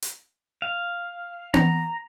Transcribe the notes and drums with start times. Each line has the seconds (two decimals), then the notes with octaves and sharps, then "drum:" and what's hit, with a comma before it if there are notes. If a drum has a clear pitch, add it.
0.02 drum: hi-hat
0.62 F5
1.54 A#5, drum: tom B3